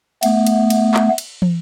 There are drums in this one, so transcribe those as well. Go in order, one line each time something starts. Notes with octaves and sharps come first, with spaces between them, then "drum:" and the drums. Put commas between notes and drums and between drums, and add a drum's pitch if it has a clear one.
A3 B3, drum: cymbal
drum: cymbal
drum: cymbal
drum: clap
drum: cymbal
drum: tom